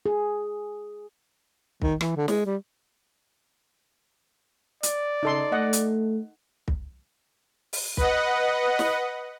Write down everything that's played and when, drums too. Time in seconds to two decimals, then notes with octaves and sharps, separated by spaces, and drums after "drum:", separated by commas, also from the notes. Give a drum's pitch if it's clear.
0.06 G#4
1.82 D#3, drum: kick
2.01 E3, drum: rim click
2.16 D3
2.28 G#3, drum: snare
2.46 G3
4.83 D5, drum: hi-hat
5.23 C#3 D#4 A4 C6
5.52 A3 D#5 F#5
5.73 drum: hi-hat
6.68 drum: kick
7.73 drum: open hi-hat
7.97 B4 D#5 F#5, drum: kick
8.79 drum: snare